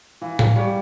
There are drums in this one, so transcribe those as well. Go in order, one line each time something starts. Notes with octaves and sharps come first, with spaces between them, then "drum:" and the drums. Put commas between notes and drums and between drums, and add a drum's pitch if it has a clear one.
E3 F5
F5, drum: tom A2
G3 G4